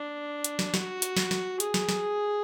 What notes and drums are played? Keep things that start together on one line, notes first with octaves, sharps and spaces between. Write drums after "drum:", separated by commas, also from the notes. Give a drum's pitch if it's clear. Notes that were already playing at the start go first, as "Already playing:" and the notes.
Already playing: D4
drum: hi-hat
drum: snare
F#4, drum: snare
drum: hi-hat
drum: snare
drum: snare
G#4, drum: hi-hat
drum: snare
drum: snare